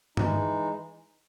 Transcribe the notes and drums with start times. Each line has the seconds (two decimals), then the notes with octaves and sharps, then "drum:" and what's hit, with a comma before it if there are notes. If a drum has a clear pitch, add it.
0.17 E3 G#3 D#4, drum: tom